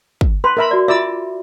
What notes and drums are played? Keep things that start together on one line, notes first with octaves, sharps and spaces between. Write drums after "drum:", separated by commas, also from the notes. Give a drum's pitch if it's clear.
drum: kick
B4 C6
A#4 E5 B5
F#4 D5
F4 D5 E5 E6